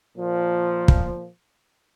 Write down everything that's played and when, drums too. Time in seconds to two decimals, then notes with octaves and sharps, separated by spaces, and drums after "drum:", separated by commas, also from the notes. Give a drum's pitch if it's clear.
0.17 A#2 F3
0.88 drum: kick